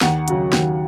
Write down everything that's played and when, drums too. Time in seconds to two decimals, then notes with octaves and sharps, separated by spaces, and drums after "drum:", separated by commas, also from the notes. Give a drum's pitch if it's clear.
0.01 D#2 F#5, drum: snare
0.28 C#3 F#3, drum: hi-hat
0.53 D#2, drum: snare